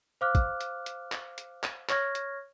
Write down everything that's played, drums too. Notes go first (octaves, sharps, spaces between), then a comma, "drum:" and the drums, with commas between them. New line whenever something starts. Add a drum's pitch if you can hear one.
C5 F5 D6 F6 F#6
drum: kick, hi-hat
drum: hi-hat
drum: hi-hat
drum: clap
drum: hi-hat
drum: clap
C#5 C#6 F6 G#6 A#6, drum: clap
drum: hi-hat